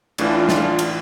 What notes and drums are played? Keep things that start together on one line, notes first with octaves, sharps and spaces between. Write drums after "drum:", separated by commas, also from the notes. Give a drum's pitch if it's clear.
A1 A2 E3 D4 F4, drum: cymbal
drum: snare
drum: cymbal